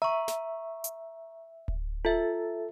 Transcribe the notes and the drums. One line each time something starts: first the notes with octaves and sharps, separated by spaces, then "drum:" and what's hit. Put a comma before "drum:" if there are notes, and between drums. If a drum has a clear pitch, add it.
E5 A#5 C#6
drum: snare
drum: hi-hat
drum: kick D1
F4 A4 E5